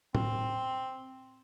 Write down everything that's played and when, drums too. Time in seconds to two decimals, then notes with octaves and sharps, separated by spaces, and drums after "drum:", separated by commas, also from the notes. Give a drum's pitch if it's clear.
0.15 C4, drum: tom A2